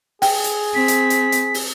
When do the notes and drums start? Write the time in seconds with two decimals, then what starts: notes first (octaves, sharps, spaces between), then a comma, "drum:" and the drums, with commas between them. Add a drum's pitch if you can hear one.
0.22 G#4 G5, drum: open hi-hat
0.44 drum: hi-hat
0.75 C4 B6
0.88 drum: hi-hat
1.10 drum: hi-hat
1.32 drum: hi-hat
1.54 drum: open hi-hat